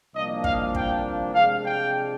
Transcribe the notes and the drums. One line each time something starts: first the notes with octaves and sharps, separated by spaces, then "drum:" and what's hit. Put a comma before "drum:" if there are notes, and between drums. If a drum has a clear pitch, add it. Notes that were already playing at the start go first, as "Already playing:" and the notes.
C2 A#2 F3 A#3 D4 D#5
F5, drum: kick
G5, drum: kick
C3 F3 G#3 D4 F5
G5